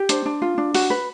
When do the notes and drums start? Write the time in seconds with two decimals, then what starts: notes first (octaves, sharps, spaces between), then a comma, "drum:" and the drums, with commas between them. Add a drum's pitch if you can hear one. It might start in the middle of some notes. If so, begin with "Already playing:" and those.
Already playing: G4
0.09 D4 C5, drum: hi-hat
0.26 D4
0.42 F4
0.58 D4
0.74 F#4, drum: open hi-hat
0.90 B4